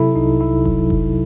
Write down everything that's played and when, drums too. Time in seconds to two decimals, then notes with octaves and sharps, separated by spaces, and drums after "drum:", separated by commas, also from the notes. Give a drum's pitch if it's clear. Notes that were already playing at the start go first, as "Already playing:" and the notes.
Already playing: C3 F#3 E4 A4
0.16 C2 D#4
0.41 C2 E4
0.65 F#3, drum: kick F1
0.90 C3, drum: kick F1